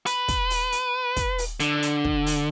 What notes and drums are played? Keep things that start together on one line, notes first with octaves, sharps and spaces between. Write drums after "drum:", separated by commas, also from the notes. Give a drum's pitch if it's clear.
B4, drum: hi-hat
drum: kick, hi-hat
drum: open hi-hat
drum: hi-hat
drum: kick, hi-hat
drum: open hi-hat
D3, drum: hi-hat
drum: hi-hat
drum: kick
drum: open hi-hat